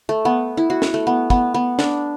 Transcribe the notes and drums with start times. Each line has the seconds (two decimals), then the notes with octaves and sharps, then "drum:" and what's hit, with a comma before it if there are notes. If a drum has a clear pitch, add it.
0.09 A3
0.25 B3
0.57 E4
0.70 F#4
0.82 drum: snare
0.94 A3
1.07 B3
1.30 B3, drum: kick
1.54 B3
1.79 D4, drum: snare